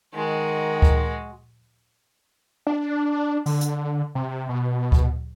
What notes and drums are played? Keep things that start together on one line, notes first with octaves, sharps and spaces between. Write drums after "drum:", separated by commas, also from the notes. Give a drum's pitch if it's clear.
D#3 G#3 F#4
drum: kick D2
D4
D3, drum: open hi-hat
drum: hi-hat
C3
B2
drum: kick D2